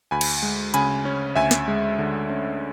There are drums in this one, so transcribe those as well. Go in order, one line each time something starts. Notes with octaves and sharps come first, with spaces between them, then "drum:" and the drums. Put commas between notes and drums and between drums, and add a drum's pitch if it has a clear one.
D2 G#5 B5
drum: cymbal
G#3
C#3 G#5 B5, drum: hi-hat
C#4
D2 E5 G#5
drum: snare
G#3
D3
C#4